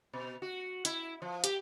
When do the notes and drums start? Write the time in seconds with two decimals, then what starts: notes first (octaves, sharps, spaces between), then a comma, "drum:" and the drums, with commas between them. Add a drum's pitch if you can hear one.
0.13 B2
0.42 F#4
0.85 E4, drum: hi-hat
1.22 F3
1.44 G4, drum: hi-hat